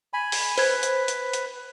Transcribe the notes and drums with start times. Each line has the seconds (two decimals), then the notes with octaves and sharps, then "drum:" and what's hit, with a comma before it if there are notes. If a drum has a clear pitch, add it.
0.13 G#5 B5
0.32 drum: open hi-hat
0.58 B4 C5 G#6, drum: open hi-hat
0.83 drum: hi-hat
1.08 drum: hi-hat
1.33 drum: hi-hat